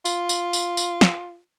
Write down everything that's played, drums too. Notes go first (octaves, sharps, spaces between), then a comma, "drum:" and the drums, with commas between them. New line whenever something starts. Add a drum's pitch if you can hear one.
F4, drum: tambourine
drum: tambourine
drum: tambourine
drum: tambourine
drum: snare